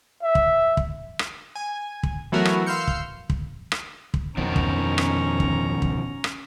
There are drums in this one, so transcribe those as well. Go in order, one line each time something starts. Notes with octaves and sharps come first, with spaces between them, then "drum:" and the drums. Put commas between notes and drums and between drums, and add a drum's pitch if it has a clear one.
E5
drum: kick
drum: kick
drum: rim click
G#5
drum: kick
E3 F#3 A3 B3 F#4 A#4
drum: rim click
F5 C6 E6 F6 G6 C#7
drum: kick
drum: kick
drum: rim click
drum: kick
F2 B2 D#3 F3 C#4 A#5
drum: kick
drum: rim click
drum: kick
drum: kick
drum: rim click